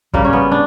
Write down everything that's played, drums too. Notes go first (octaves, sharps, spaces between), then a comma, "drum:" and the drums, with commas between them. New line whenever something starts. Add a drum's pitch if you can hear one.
C#3 G3 A#3, drum: kick
C#4
B3
D4